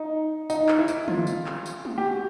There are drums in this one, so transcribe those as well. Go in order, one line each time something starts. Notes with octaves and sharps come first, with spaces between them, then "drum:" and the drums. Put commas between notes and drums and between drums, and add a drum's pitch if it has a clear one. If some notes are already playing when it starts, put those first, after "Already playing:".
Already playing: D#4
D#4, drum: tambourine
drum: clap
E4
drum: tambourine
F4, drum: tom D3
drum: tambourine
drum: clap
drum: tambourine
drum: tom G#3
G4
F#4